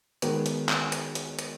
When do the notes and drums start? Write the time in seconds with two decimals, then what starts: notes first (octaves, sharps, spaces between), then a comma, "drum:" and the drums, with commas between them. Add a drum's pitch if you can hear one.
0.22 D#3 G#3 B3 F#4, drum: hi-hat
0.46 drum: hi-hat
0.69 drum: clap
0.92 drum: hi-hat
1.15 drum: hi-hat
1.39 drum: hi-hat